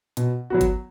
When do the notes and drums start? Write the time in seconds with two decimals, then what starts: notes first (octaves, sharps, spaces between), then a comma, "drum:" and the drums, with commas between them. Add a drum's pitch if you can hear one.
0.17 B2, drum: hi-hat
0.50 F#3 B3 F#4
0.61 drum: kick G1, hi-hat